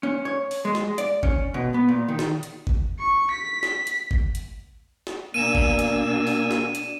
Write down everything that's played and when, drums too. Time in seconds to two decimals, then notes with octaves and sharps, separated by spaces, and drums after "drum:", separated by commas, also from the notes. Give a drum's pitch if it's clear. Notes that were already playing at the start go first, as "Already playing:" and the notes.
0.03 C#4
0.25 C#5
0.51 drum: open hi-hat
0.65 G#3
0.75 drum: snare
0.98 D5, drum: hi-hat
1.23 C#4, drum: kick G1
1.54 B2
1.74 B3
1.89 A#2
2.08 D#3
2.19 drum: snare
2.43 drum: hi-hat
2.67 drum: kick G1
2.99 C#6
3.31 B6
3.63 drum: snare
3.87 drum: hi-hat
4.11 drum: kick G1
4.35 drum: hi-hat
5.07 drum: snare
5.34 B2 A#3 D4 G#5 E6 D#7 E7
5.55 drum: kick G1
5.79 drum: hi-hat
6.27 drum: open hi-hat
6.51 drum: snare
6.75 drum: hi-hat